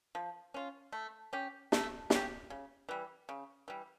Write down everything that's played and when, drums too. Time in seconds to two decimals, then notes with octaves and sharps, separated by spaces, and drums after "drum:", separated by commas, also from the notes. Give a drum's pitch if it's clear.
0.15 F3
0.54 C#4 F4
0.92 A3
1.33 C#4 G4
1.72 A3, drum: snare
2.10 C#4, drum: snare
2.15 G4
2.50 C#3
2.89 E3 G3
3.29 C#3
3.68 E3 G3